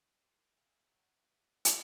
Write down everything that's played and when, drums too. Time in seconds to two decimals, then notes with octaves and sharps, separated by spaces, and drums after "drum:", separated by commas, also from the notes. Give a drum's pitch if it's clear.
0.16 G4 A#4 C5
0.56 G#4 E5 F5 G5 G#5
0.84 C#5 E5 F#5 G5 A#5
1.19 F4 F#4 B4 E5 F#5
1.65 drum: hi-hat